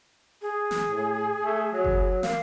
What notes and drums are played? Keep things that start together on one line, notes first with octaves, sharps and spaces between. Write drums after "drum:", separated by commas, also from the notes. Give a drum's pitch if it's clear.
G#4
drum: snare
A2
A3
F#3
drum: kick F#1
A#3 F5, drum: snare